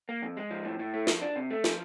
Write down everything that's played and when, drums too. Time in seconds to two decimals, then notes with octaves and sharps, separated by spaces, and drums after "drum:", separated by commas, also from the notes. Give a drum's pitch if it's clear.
0.09 A#3
0.22 F2
0.37 G#3
0.51 F3
0.65 A2
0.79 A2
0.94 A3
1.07 F3, drum: snare
1.22 D4
1.36 C3
1.50 A3
1.64 F3, drum: snare